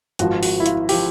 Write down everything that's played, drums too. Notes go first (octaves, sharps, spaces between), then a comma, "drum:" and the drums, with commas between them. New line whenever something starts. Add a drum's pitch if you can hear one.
G#1 G#2 F3 F#4, drum: hi-hat
F#4, drum: open hi-hat
E4
F4, drum: hi-hat
G4, drum: open hi-hat
F3